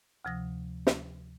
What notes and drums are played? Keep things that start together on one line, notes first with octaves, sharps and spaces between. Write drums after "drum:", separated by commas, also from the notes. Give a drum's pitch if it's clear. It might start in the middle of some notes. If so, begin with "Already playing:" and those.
D2 C3 F3 D#6 A#6
drum: snare